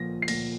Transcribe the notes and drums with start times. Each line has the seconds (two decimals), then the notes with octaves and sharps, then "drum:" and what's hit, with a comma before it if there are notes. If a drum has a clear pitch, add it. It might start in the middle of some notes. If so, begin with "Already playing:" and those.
Already playing: A#2 F3 A#6
0.22 C7
0.28 A#2 A#6, drum: cymbal